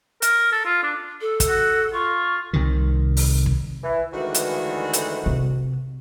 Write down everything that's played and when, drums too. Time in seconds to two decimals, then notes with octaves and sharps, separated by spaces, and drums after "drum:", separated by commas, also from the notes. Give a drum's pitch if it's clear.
0.22 A#4, drum: hi-hat
0.52 A4
0.65 F4
0.83 D4
1.21 A4
1.40 drum: kick, hi-hat
1.49 F#4
1.93 F4 C#6
2.53 C2 C3 D#3
3.17 drum: open hi-hat
3.46 drum: kick
3.83 E3
4.13 D2 D#3 E3 G#3 F#4
4.34 drum: hi-hat
4.93 drum: hi-hat
5.26 C3